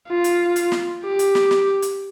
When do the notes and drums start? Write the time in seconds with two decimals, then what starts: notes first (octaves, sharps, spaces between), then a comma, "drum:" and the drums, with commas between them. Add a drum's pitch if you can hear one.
0.08 F4
0.24 drum: hi-hat
0.56 drum: hi-hat
0.72 drum: snare
1.04 G4
1.19 drum: hi-hat
1.35 drum: snare
1.51 drum: snare
1.82 drum: hi-hat